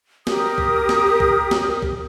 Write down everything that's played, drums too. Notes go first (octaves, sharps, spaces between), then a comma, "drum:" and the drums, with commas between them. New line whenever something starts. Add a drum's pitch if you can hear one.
G4 A#4 D#6, drum: snare
drum: kick B1
drum: snare
drum: kick B1
drum: snare
drum: kick B1